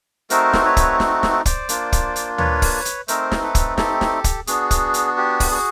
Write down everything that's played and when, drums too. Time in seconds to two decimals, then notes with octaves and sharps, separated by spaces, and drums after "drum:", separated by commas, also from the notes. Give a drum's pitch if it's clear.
0.30 A3 C4 D#4 F#4 A#4 C5, drum: hi-hat
0.53 drum: snare
0.65 B4 C#5
0.77 drum: kick, hi-hat
1.00 drum: snare
1.23 drum: snare
1.46 C5 D5, drum: kick, hi-hat
1.69 A#3 D4 F4, drum: hi-hat
1.92 drum: kick, hi-hat
2.16 drum: hi-hat
2.38 B4 C#5, drum: tom D2
2.62 drum: kick, open hi-hat
2.85 drum: hi-hat
3.08 A3 C4 D#4 A#4 C5, drum: hi-hat
3.32 drum: snare
3.43 A4 B4
3.55 drum: kick, hi-hat
3.78 G4 A4, drum: snare
4.01 drum: snare
4.24 drum: kick, hi-hat
4.47 B3 D4 F#4 G#4, drum: hi-hat
4.71 drum: kick, hi-hat
4.94 drum: hi-hat
5.17 G4
5.40 drum: kick, open hi-hat
5.51 F#4 G#4